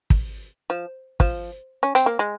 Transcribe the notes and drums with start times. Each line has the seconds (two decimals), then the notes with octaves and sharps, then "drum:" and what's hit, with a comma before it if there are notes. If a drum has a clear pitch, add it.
0.10 drum: kick
0.70 F3
1.20 F3, drum: kick
1.83 C#4
1.95 C4, drum: hi-hat
2.06 A#3
2.19 G#3